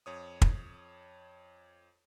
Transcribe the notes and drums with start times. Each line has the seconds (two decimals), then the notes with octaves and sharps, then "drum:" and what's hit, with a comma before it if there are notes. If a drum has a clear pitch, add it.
0.06 F2 C#5 D#6
0.42 drum: kick